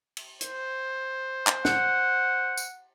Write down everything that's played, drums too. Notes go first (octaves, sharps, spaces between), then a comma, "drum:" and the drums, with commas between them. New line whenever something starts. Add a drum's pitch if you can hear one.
drum: cymbal
C5, drum: hi-hat
drum: clap
F#5, drum: snare
drum: tambourine